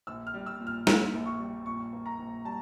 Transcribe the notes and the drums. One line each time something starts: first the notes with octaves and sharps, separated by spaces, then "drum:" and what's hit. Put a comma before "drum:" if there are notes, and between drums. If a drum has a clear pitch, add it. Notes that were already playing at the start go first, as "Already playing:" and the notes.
A#1 E6
F6
G3
E6
A#2
F6
A#3 E6, drum: snare
A#1
C#6
G3
A#2 C#6
A#3
A#5
A#1
G3 A5